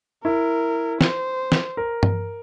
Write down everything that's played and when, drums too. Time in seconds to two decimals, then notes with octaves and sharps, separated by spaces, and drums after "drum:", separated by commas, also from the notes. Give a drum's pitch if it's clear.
0.24 E4 A#4
1.01 C5, drum: snare
1.52 drum: snare
1.77 A#4
2.03 drum: tom G2